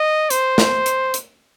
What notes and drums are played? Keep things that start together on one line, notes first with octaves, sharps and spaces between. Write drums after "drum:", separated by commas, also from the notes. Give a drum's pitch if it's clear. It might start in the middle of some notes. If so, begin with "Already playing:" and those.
Already playing: D#5
C5, drum: hi-hat
drum: snare
drum: hi-hat
drum: hi-hat